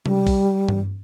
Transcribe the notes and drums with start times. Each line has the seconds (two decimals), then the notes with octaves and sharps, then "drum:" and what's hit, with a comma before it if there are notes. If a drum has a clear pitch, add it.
0.06 G3, drum: tom C3
0.27 drum: kick, open hi-hat
0.68 drum: tom G2